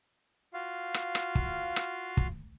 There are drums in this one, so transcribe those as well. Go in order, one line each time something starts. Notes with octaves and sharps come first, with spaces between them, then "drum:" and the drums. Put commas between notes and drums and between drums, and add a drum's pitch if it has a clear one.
F4 F#4 F5
drum: rim click
drum: rim click
drum: kick
drum: rim click
drum: kick